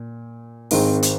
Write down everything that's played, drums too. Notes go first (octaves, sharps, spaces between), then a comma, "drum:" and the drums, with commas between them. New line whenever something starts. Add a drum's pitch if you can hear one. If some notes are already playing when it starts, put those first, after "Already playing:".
Already playing: A#2
G#1 G#2 D#3 G#3 C4, drum: open hi-hat
drum: hi-hat